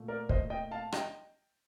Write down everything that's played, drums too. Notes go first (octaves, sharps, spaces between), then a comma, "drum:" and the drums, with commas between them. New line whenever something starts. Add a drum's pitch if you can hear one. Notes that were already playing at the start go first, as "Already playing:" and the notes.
Already playing: A#2 A3
A#4 D5
C5 D#5, drum: kick
D#5 G5
F5 A5
D#5 G5, drum: rim click